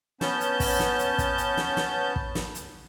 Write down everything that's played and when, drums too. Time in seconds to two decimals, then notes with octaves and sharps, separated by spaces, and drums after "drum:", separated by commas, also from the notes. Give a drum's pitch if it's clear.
0.21 B3 C#4 A5 G6, drum: snare
0.40 drum: hi-hat
0.60 drum: kick, open hi-hat
0.79 drum: snare
0.99 drum: hi-hat
1.18 drum: kick, hi-hat
1.38 drum: hi-hat
1.57 drum: snare
1.77 drum: snare
2.16 drum: kick
2.35 drum: snare
2.55 drum: hi-hat